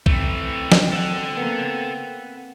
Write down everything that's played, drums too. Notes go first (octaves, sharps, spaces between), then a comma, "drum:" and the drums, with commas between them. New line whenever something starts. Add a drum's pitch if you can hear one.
E3 A3 C4, drum: kick B1
drum: snare
A4 F#5
A#3 B3